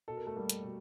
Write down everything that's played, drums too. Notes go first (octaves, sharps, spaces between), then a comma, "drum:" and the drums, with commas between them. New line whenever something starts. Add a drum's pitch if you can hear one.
B2 A4
A#4
A3 A4
G3 A#3
drum: hi-hat
B2